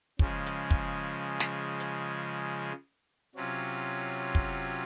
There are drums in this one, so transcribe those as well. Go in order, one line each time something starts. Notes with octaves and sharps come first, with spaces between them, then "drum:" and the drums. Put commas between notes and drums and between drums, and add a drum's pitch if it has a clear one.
C#3 F3 G#3, drum: kick
drum: hi-hat
drum: kick
drum: snare
drum: hi-hat
C3 F#3 C#4 F4
drum: kick